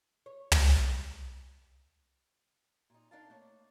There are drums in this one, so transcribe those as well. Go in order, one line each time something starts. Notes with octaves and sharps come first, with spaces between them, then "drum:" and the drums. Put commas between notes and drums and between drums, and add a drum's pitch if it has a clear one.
C#5
drum: tom
A#2 D#4
D4 D#4 A#4 F5 A5
A3 A#3 C#5